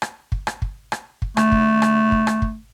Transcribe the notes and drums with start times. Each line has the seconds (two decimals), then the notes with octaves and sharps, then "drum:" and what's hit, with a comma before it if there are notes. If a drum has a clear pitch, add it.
0.02 drum: rim click
0.32 drum: kick
0.47 drum: rim click
0.62 drum: kick
0.92 drum: rim click
1.22 drum: kick
1.37 A3, drum: rim click
1.52 drum: kick
1.82 drum: rim click
2.12 drum: kick
2.27 drum: rim click
2.42 drum: kick